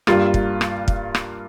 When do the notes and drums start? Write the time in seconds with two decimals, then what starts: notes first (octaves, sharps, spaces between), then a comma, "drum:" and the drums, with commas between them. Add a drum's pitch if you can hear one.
0.07 G2 G3 A#3 F4, drum: rim click
0.34 drum: kick
0.61 drum: rim click
0.88 drum: kick
1.15 drum: rim click